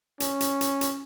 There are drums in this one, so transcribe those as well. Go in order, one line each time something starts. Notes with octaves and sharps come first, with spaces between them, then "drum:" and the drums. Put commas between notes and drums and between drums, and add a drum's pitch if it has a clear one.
C#4, drum: hi-hat
drum: hi-hat
drum: hi-hat
drum: hi-hat